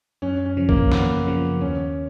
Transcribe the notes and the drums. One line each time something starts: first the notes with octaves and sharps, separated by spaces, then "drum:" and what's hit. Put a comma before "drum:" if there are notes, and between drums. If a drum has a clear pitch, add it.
F#2 C#4
C#4
C#3 F3
A#3, drum: kick A#1
F#2 B3, drum: snare
C#3 F3
D#2 C#4